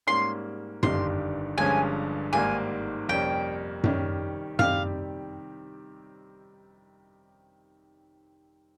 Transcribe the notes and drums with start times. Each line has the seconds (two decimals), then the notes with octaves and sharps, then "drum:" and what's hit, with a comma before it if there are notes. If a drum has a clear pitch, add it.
0.07 G#2 G3 A#3 C#4 C6
0.83 G1 G2 D#3 G3 C6, drum: tom F#2
1.58 G1 G2 F3 G#3 C#4 G#5
2.33 G#1 G#2 D#3 G3 A#3 G#5
3.08 F2 C3 G3 A#3 C#4 G5
3.84 C3 D#3 G3 C#4 G4, drum: tom F#2
4.59 C3 D#3 G3 C4 G4 F5, drum: tom F#2